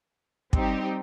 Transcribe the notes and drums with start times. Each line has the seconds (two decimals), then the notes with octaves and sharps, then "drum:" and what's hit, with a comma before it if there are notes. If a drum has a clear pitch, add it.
0.53 G3 C4 D#4 G4, drum: kick